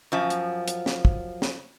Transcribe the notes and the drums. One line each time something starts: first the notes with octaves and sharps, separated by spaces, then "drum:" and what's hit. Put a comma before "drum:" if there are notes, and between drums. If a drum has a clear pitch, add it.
F#2 F3
drum: hi-hat
drum: hi-hat
drum: snare
drum: kick
drum: snare